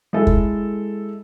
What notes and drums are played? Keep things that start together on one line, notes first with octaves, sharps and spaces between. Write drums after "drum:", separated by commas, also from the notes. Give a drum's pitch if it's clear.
G#3 E4 A4
drum: kick